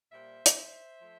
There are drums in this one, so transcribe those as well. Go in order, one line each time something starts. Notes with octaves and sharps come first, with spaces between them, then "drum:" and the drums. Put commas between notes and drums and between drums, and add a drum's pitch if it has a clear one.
A#2 G3 C5 E5
drum: hi-hat
F3 A3